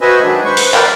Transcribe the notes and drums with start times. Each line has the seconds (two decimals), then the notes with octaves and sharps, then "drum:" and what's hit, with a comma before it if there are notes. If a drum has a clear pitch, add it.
0.01 F#4 B4 C5 D#5 E5 G#5
0.23 D#3 F#3 G#3 D4
0.45 B4 C5 C#6
0.57 drum: open hi-hat
0.74 A#4 B4 D5 F5 G5, drum: clap